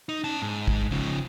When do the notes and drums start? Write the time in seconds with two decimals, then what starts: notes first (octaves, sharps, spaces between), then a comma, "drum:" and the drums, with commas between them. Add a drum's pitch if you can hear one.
0.09 D#4
0.24 C#4 A5
0.42 G#2
0.68 drum: kick
0.91 C#3 F3